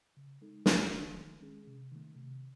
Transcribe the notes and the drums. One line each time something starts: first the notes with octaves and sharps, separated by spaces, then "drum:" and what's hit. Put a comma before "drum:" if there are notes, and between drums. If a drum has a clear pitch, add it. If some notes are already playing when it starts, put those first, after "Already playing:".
C#3
G#3 D#4 A4
D#2, drum: snare
D#3 F#3
D#3
G#3 C#4 G#4
C3
D#3 A3
C3